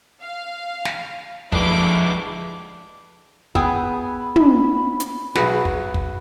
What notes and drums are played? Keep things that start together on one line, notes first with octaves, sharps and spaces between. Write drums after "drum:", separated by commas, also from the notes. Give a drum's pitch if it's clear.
F5
drum: snare
F3 G#3 D4 E4 A4 B4 B5 D6, drum: kick
B3 G#4 G5 G#5 B5 D#6 E6, drum: kick
drum: tom
drum: hi-hat
B1 F#4 G#4 B4, drum: snare
drum: kick
drum: kick